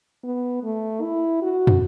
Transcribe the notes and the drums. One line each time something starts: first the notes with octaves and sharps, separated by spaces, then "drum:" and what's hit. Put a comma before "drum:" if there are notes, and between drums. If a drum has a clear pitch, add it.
B3
A3
E4
F#4
drum: tom